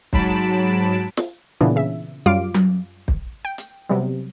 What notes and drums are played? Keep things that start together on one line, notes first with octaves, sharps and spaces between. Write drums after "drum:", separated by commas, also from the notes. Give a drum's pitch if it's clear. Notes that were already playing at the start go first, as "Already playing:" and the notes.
G#2 F#3 A5 B5 D7 E7, drum: kick
drum: snare
A#2 C#3 E3 B3 D4
C#3 E5
F#2 G3 F4 F5 D6 D7
drum: tom F#3
drum: kick
G5
drum: hi-hat
C3 F#3 G3 B3